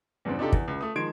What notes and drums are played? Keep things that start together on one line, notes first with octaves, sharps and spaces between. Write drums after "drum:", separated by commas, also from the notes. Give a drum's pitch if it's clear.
E2 G2 C#3 B3 C4
C3 D4 D#4 F4 G4 A4
E2, drum: kick
C#2
A3 D#6
D#3 F3 G#3 C6 G#6 D7